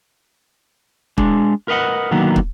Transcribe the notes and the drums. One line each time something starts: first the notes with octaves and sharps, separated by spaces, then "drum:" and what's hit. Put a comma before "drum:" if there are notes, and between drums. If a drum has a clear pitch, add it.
G#3 D4, drum: kick
A#4 B4 D#5 F5 F#5
D3 D#3 F#3 A#3 B3
drum: kick